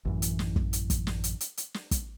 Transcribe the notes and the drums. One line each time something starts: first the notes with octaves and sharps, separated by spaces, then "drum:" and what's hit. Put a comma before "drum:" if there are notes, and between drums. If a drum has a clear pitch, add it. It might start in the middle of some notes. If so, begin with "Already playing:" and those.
A1 F#2 E3
drum: hi-hat
drum: snare
drum: kick
drum: hi-hat
drum: kick, hi-hat
drum: snare
drum: hi-hat
drum: hi-hat
drum: hi-hat
drum: snare
drum: kick, hi-hat